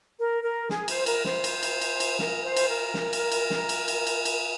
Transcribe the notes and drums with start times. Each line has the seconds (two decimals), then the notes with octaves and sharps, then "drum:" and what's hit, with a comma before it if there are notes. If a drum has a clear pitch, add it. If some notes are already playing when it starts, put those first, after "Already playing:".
0.19 A#4
0.43 A#4
0.69 G#4, drum: snare
0.88 C5, drum: cymbal
1.06 A#4, drum: cymbal
1.25 C5, drum: snare
1.44 drum: cymbal
1.63 drum: cymbal
1.81 drum: cymbal
2.00 drum: cymbal
2.19 A#4, drum: snare
2.44 C5
2.56 drum: cymbal
2.69 A#4
2.94 drum: snare
3.13 drum: cymbal
3.32 drum: cymbal
3.50 drum: snare
3.69 drum: cymbal
3.88 drum: cymbal
4.07 drum: cymbal
4.25 drum: cymbal